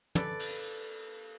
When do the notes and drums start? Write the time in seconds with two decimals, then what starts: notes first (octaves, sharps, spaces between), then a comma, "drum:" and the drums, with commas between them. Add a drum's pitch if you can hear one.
0.15 A4 B4 D5, drum: tom
0.40 drum: cymbal